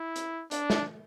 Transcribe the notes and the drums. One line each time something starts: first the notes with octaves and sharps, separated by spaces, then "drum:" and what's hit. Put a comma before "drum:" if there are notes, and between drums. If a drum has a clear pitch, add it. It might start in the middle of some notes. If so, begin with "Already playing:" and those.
Already playing: E4
drum: hi-hat
D4, drum: hi-hat
drum: snare